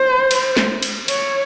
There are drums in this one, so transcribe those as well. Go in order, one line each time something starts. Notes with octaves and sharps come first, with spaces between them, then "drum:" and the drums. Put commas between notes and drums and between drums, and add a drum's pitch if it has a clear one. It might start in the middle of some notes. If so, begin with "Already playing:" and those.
Already playing: C5
drum: cymbal
drum: snare
drum: cymbal
C#5, drum: cymbal